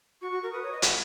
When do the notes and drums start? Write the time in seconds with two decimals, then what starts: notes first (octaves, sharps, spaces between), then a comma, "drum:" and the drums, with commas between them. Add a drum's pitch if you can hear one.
0.22 F#4 C#6
0.32 F#4
0.43 A#4
0.52 B4 D#6
0.63 C#5
0.72 D#5
0.82 F#5, drum: hi-hat